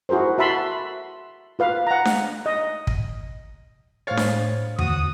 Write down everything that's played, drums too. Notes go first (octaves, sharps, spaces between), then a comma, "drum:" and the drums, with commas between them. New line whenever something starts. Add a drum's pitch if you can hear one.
E4 F#4 G#4 A#4 C5
F#4 E5 A5 B5 C6
F4 B4 F5
F#5 A#5
drum: snare D4
D#5
drum: kick
A2 C5 C#5 F5 A6
drum: snare D4
D2 F#4 D#6, drum: tom E2